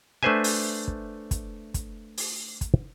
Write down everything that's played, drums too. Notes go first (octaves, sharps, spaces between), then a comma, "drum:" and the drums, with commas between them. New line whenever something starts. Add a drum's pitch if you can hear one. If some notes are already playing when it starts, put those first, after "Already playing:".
A3 D4 B4 C5 E5 G#5
drum: open hi-hat
drum: kick
drum: kick, hi-hat
drum: kick, hi-hat
drum: open hi-hat
drum: kick, hi-hat